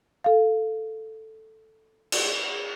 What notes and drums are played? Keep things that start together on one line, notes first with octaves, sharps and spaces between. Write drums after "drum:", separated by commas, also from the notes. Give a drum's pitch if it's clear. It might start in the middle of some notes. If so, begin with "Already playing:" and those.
A4 F5
drum: cymbal